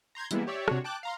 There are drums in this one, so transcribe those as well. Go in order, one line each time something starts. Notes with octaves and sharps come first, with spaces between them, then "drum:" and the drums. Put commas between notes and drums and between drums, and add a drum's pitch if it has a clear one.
A#5 C6 G6 G#6
E3 G3 G#3 A#3 B3 E4, drum: hi-hat
G4 C#5 D5 E5
C3 D4 F#4 C#5, drum: rim click
G5 A5 D6 F#6
F5 A#5 C6